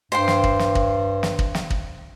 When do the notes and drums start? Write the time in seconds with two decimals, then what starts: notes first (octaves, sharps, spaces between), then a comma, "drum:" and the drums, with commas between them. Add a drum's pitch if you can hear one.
0.12 G2 C5 G5 C6
0.28 drum: snare
0.44 drum: kick
0.59 drum: snare
0.75 drum: kick
1.23 drum: snare
1.39 drum: kick
1.55 drum: snare
1.70 drum: kick